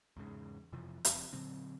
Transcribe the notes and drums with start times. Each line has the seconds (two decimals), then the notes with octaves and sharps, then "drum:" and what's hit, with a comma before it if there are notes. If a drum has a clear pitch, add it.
0.17 E2 G#2 C#3
0.72 F2 C3 E3 F3
1.05 F#1 F2, drum: hi-hat
1.33 A#2 D3 F#3 C4